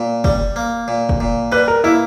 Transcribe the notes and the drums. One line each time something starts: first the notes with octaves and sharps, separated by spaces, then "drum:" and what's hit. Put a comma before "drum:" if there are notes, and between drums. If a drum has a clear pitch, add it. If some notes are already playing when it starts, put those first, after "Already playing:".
Already playing: A#2
G3, drum: kick
A#3
A#2
drum: kick
A#2
G3 B4
A#4
A#3 E4